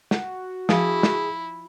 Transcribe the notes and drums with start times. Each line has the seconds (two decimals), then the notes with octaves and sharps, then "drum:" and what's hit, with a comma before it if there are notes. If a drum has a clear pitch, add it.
0.11 F#4, drum: snare
0.69 F3 E4 G#4, drum: snare
1.03 drum: snare